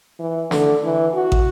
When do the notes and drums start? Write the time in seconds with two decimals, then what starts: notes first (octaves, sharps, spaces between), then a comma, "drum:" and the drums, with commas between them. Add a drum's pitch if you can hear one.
0.19 E3
0.51 D3, drum: snare
0.84 E3
1.15 F#4
1.32 drum: kick